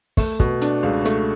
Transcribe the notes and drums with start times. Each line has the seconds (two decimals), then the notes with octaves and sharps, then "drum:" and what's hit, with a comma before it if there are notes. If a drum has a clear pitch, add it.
0.17 A3, drum: kick, open hi-hat
0.40 B2, drum: kick
0.61 D4, drum: hi-hat
0.83 C#2
1.05 A3, drum: hi-hat